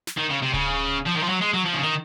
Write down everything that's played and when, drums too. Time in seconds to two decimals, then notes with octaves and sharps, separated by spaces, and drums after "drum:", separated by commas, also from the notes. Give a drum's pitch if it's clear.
0.07 drum: snare
0.17 D#3
0.30 C#3
0.42 C3
0.53 C#3, drum: kick D1
1.06 F3
1.16 D#3
1.23 F3
1.29 F#3
1.41 G#3
1.54 F#3
1.66 F3
1.74 C#3
1.82 D#3